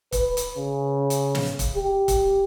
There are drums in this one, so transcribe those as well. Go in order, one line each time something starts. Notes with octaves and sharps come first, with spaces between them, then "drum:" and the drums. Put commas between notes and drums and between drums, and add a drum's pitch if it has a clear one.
B4, drum: kick, hi-hat
drum: hi-hat
C#3
drum: hi-hat
drum: snare
drum: kick, hi-hat
G4
drum: kick, hi-hat